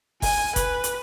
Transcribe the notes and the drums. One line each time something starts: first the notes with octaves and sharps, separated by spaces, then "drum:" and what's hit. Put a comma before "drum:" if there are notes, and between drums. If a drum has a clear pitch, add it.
G#5, drum: kick G1, open hi-hat
B4, drum: kick G1, hi-hat
drum: hi-hat